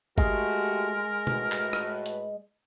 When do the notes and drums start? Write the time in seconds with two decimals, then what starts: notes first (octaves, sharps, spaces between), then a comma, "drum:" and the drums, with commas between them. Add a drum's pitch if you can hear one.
0.18 G#3 A3 F#4 G4 A#4, drum: kick G#1
1.27 A2 F#4 B4, drum: tom B2
1.52 drum: clap
1.73 drum: rim click
2.06 drum: hi-hat